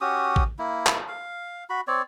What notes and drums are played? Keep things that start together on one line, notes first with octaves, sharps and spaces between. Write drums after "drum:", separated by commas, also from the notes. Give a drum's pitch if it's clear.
C#4 F#4 G4 D#6
drum: kick A1
A#3 E4
drum: clap
F5
F#4 B5
C4 C#5 D5